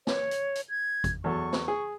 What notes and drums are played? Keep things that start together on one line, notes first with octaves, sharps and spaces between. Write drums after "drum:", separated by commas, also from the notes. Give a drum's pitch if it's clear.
C#5, drum: snare
drum: hi-hat
drum: hi-hat
G#6
drum: kick, hi-hat
E2 F#3 A4 C#6
drum: snare
G#4